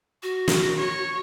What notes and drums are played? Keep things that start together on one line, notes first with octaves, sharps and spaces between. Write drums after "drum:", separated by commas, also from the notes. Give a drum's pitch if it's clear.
F#4
drum: snare
C#5